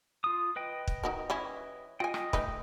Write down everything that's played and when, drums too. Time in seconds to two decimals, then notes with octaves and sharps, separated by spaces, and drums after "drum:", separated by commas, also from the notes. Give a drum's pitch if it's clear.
0.24 F4 D#6
0.56 B4 D#5 G5
0.88 drum: kick
1.03 D#4 F#4 A#4
1.30 E3 C#4 E4
2.00 F4 D#5 G5 G#5
2.14 drum: rim click
2.33 A3 D#4 B4, drum: kick